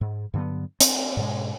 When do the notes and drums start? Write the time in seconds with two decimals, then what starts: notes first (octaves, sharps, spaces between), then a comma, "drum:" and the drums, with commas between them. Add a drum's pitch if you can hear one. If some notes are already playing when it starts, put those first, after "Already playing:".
0.01 G#2
0.34 G2 D3 F#3 B3
0.80 C4, drum: hi-hat
1.17 G#2 B2 G#3